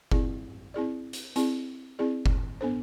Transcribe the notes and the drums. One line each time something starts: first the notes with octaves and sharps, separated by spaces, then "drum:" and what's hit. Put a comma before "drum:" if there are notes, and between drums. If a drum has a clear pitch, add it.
C4 E4 G#4 D5, drum: kick F#1
C4 E4 G#4 D5
drum: hi-hat
C4 E4 G#4 D5, drum: hi-hat
C4 E4 G#4 D5
drum: kick F#1
B3 D4 A4 C5